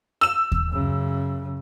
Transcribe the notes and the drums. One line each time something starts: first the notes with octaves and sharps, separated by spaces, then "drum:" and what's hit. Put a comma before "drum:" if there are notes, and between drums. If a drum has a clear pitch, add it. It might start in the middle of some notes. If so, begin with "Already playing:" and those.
E6 E7
drum: kick D#2
F#2 C#3